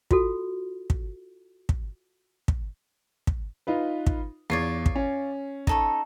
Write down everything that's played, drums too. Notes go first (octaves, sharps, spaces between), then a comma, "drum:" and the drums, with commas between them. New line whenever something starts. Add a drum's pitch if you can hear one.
F4 F#4 A4, drum: kick
drum: kick
drum: kick
drum: kick
drum: kick
D#4 F4 B4
drum: kick
E2 F4 C#5 D5 C7
drum: kick
C#4
D#4 A4 C#6, drum: kick